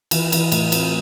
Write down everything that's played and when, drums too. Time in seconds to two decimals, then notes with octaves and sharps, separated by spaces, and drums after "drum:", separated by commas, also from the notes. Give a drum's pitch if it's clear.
0.11 E3, drum: cymbal
0.32 E3, drum: cymbal
0.52 A2, drum: cymbal
0.72 C4, drum: cymbal